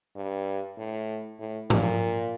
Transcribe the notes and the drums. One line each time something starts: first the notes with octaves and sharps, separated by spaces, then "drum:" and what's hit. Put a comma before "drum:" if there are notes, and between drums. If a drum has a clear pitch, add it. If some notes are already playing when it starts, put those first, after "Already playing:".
G2
A2
A2
A#2, drum: tom G#2